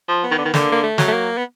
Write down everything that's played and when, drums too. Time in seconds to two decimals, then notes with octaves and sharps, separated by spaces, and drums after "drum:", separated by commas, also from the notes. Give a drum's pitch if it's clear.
0.08 F3
0.24 B3
0.31 D#3
0.38 D3
0.45 D#3
0.54 D3 A#3, drum: snare
0.72 A#3
0.83 A3
0.98 F#3, drum: snare
1.07 A3
1.13 A#3
1.37 B3